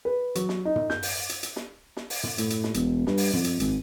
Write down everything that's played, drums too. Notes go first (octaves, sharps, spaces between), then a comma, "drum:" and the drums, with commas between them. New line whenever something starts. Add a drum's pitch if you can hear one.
B4
F#3, drum: hi-hat
drum: snare
D#4
drum: tom
G6, drum: snare
drum: open hi-hat
drum: hi-hat
drum: hi-hat
drum: snare
drum: snare
drum: open hi-hat
drum: tom
A2, drum: hi-hat
drum: hi-hat
drum: snare
E1, drum: hi-hat
G2, drum: snare
drum: open hi-hat
F2, drum: tom
drum: hi-hat
G#1, drum: hi-hat